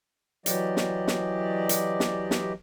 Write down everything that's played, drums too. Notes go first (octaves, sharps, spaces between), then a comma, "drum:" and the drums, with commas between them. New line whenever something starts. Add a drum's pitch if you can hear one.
E3 F#3 G4 D5 D#5, drum: hi-hat
drum: snare
drum: snare
drum: hi-hat
drum: snare
drum: snare